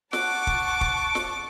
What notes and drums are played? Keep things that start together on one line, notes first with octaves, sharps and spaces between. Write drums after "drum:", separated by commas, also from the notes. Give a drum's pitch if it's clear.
F#5 A5 C#6 D6, drum: snare
drum: kick
drum: kick
drum: snare